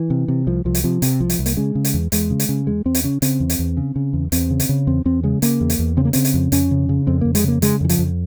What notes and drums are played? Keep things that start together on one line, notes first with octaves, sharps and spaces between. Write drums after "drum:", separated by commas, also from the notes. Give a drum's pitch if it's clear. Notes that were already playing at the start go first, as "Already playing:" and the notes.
Already playing: E3
C3
C3
C2 F3
C2 F3
drum: hi-hat
C3 F3
C3, drum: hi-hat
C2 F3
drum: hi-hat
C2
A#3, drum: hi-hat
C#3 G#3
C#3
drum: hi-hat
E2
E2 G#3, drum: hi-hat
C#3
drum: hi-hat
C#3
E2 G#3
E2 C4
drum: hi-hat
C#3 C#4
C#3 C4, drum: hi-hat
E2
drum: hi-hat
E2
C#3
C#3
E2
E2 C4, drum: hi-hat
C#3
drum: hi-hat
C#3
E2 C4
E2 C4
C#3 G#3
C#3 A#3, drum: hi-hat
E2
drum: hi-hat
E2
C#3 C4
A#3
C#3 C4, drum: hi-hat
drum: hi-hat
F2
F2 C#4, drum: hi-hat
C#3
C#3
F2 C4
F2 A#3
G#3, drum: hi-hat
C#3 A#3
C#3 G#3, drum: hi-hat
F2 E3
F3, drum: hi-hat
F2